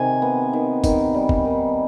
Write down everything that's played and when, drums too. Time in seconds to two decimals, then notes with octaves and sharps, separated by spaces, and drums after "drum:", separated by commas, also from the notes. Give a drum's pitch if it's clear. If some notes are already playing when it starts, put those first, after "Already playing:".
Already playing: C3 D#3 G#5
0.22 B3
0.53 D#3
0.84 D#3, drum: kick, tambourine
1.14 G3
1.29 drum: kick
1.45 D#3